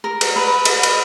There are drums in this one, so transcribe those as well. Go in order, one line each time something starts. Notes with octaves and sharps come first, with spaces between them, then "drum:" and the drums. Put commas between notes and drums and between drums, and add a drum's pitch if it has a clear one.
A#4
A4, drum: cymbal
B4
D#5, drum: cymbal
drum: cymbal